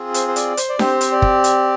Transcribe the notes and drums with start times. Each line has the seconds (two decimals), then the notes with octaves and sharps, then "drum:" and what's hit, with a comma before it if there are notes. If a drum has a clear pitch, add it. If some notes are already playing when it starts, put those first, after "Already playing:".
Already playing: C4 F4 G#4
0.14 C5, drum: hi-hat
0.28 C5
0.36 D5, drum: hi-hat
0.57 C5, drum: hi-hat
0.69 D5
0.79 C4 G4 C5, drum: snare D4
1.01 drum: hi-hat
1.12 D5
1.22 drum: kick
1.44 drum: hi-hat